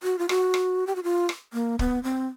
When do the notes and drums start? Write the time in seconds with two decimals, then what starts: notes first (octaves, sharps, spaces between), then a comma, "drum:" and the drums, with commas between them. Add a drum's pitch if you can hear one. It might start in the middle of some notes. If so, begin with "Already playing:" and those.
0.03 F#4
0.19 F4
0.29 F#4, drum: rim click
0.54 drum: rim click
0.87 G4
0.96 F#4
1.03 F4
1.29 drum: rim click
1.53 A#3
1.79 B3, drum: kick
2.03 C4